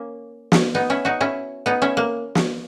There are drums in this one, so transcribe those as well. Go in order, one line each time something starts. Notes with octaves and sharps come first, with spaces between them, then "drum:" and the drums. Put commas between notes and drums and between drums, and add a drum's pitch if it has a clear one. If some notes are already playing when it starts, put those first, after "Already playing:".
Already playing: A#3 C#4
drum: snare
B3 D#4
C#4 E4
D#4 F#4
C#4 E4
B3 D#4
C#4 E4
A#3
drum: snare